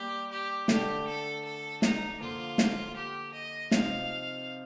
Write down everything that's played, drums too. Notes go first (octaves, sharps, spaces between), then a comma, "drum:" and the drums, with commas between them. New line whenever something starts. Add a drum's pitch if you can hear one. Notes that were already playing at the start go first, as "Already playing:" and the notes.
Already playing: G3 A#3 G4
G4
D3 A3 D4 G4, drum: snare
A4
A4
D#4, drum: snare
D3 F3 A#3 F4
drum: snare
G4
D#5
C3 F3 C4 D#4 F5, drum: snare